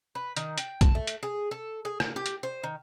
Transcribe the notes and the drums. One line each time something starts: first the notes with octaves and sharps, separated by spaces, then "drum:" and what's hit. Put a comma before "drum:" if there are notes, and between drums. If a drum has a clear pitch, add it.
B4
D#3, drum: hi-hat
G5, drum: hi-hat
A5, drum: kick A#1, hi-hat
A3
drum: hi-hat
G#4
A4
G#4
A#4, drum: rim click
G4
drum: hi-hat
C5
D#3